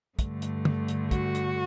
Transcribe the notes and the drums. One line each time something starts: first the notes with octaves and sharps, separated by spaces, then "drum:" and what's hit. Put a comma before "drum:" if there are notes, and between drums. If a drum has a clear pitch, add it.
G2 D3 A3, drum: kick, hi-hat
drum: hi-hat
drum: tom
drum: hi-hat
F#4, drum: kick, hi-hat
drum: hi-hat